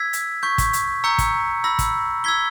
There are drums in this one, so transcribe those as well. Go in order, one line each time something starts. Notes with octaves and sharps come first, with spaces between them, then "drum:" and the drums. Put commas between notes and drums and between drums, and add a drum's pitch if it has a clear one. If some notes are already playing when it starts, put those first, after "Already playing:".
Already playing: E6 G#6 B6
drum: hi-hat
C#6 G6 B6
drum: kick, hi-hat
drum: hi-hat
A#5 C#6 E6 G6 C#7
drum: kick, hi-hat
B5 E6 A#6
drum: kick, hi-hat
E6 G#6 B6 G7